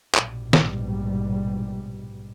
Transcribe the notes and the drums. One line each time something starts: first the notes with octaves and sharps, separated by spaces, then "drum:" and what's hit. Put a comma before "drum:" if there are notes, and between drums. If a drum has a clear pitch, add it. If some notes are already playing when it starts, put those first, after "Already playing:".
A#1 G#2 B2 G3, drum: clap
drum: snare